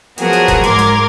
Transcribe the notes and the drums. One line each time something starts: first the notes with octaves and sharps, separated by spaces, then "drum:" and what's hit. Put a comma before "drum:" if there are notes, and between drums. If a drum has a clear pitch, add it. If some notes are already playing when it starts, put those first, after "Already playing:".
F3 F#3 B3 F#4 G#4 A#4, drum: hi-hat
drum: hi-hat
drum: kick E1, hi-hat
G#2 A#4 C6 D6 G#6, drum: hi-hat
drum: hi-hat